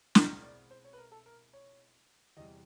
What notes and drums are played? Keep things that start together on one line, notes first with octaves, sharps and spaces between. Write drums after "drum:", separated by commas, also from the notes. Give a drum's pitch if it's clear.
B2 G#3 C4 E4 D#5, drum: snare
D5
C5
C#5
B4
A#4
A4
A#4
C#5
E2 C3 E3 G3 D#5